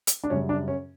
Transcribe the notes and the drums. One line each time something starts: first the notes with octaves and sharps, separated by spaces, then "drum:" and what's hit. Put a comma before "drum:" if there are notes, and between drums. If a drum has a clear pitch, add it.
drum: hi-hat
D4
F#2 C#3 G3 C#4
D4
C#4